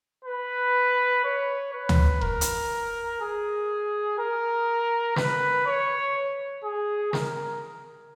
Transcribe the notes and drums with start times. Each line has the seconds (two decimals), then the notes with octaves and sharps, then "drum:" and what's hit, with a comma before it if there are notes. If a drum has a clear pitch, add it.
0.25 B4
1.24 C#5
1.73 B4
1.89 drum: tom D2
2.21 A#4, drum: kick E1
2.41 drum: hi-hat
3.21 G#4
4.19 A#4
5.16 B4, drum: snare
5.66 C#5
6.64 G#4
7.13 A#4, drum: snare